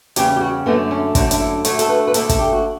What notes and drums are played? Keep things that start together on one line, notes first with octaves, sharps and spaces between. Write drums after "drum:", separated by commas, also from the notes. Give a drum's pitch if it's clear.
E2 C#3 G3 G4, drum: hi-hat
G4
F#4
F#2 D3 A3 B3
C#4
F#2 D3 A3 D4, drum: kick, hi-hat
D4, drum: hi-hat
E4
D2 D3 A3 C#5, drum: hi-hat
A4, drum: hi-hat
B4
B4
D2 D3 A3 A4, drum: hi-hat
A4, drum: kick, hi-hat
G4
F#4